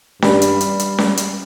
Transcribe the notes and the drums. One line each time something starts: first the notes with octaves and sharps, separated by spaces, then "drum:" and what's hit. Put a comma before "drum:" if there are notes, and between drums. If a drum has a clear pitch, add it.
G2 G3, drum: snare C#4
drum: hi-hat
drum: hi-hat
drum: hi-hat
drum: snare C#4
drum: hi-hat